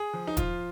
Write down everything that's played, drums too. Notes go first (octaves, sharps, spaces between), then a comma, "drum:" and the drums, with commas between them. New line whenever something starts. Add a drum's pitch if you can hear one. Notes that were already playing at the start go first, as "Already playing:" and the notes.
Already playing: G#4
F3
D#4
F3 F4, drum: kick, hi-hat